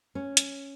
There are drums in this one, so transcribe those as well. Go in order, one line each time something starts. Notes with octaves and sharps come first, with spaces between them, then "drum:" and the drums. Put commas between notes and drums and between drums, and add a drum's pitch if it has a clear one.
C#4
drum: hi-hat